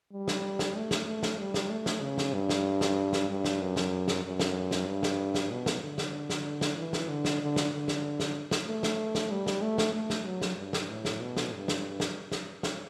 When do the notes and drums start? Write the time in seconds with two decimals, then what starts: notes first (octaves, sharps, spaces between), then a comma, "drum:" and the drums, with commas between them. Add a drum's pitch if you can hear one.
0.12 G3
0.28 drum: snare
0.59 drum: snare
0.76 A3
0.91 drum: snare
1.06 A3
1.23 drum: snare
1.39 G3
1.54 drum: snare
1.70 A3
1.86 drum: snare
2.01 C#3
2.18 drum: snare
2.33 G2
2.49 drum: snare
2.81 drum: snare
3.13 drum: snare
3.29 G2
3.44 drum: snare
3.61 F#2
3.76 drum: snare
4.08 drum: snare
4.24 F#2
4.40 drum: snare
4.71 drum: snare
4.87 G2
5.03 drum: snare
5.35 drum: snare
5.50 B2
5.66 drum: snare
5.82 D3
5.98 drum: snare
6.30 drum: snare
6.61 drum: snare
6.77 E3
6.93 drum: snare
7.08 D3
7.25 drum: snare
7.41 D3
7.56 drum: snare
7.72 D3
7.88 drum: snare
8.20 drum: snare
8.51 drum: snare
8.67 A3
8.83 drum: snare
9.15 drum: snare
9.31 G3
9.46 drum: snare
9.62 A3
9.78 drum: snare
9.94 A3
10.10 drum: snare
10.25 F#3
10.42 drum: snare
10.57 G2
10.73 drum: snare
10.90 A2
11.05 drum: snare
11.21 B2
11.37 drum: snare
11.53 G2
11.68 drum: snare
12.00 drum: snare
12.32 drum: snare
12.63 drum: snare